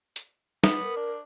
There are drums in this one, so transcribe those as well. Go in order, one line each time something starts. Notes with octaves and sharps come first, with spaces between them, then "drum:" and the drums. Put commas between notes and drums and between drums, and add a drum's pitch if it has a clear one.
drum: hi-hat
B3, drum: snare
A#4
D4